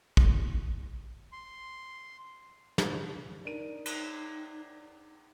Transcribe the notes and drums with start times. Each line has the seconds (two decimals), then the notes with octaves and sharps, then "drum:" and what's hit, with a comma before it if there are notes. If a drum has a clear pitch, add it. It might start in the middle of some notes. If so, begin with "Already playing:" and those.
0.17 G1, drum: kick
1.32 C6
2.78 drum: snare
3.45 D4 D#4 A#4 D#7
3.86 drum: cymbal